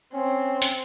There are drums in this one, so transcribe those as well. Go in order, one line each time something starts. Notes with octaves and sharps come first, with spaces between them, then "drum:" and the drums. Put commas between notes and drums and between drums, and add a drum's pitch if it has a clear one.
C4 C#4
drum: hi-hat